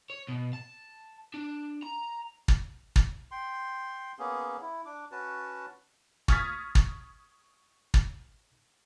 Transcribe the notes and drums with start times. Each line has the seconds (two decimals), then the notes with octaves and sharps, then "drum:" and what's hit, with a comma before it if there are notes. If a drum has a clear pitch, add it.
0.10 C#5
0.29 B2
0.53 A5
1.34 D4
1.82 A#5
2.48 drum: kick
2.96 drum: kick
3.31 G5 C6
4.19 A#3 B3 C#4 G#4
4.62 E4
4.85 D4 D6
5.11 C#4 F#4 B4 A5
6.28 C#6 D#6 F6 G#6 A6 B6, drum: kick
6.75 drum: kick
7.94 drum: kick